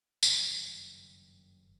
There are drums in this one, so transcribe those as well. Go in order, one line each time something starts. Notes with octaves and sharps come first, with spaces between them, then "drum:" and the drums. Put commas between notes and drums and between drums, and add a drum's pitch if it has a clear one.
F#1 G2 D#3, drum: tambourine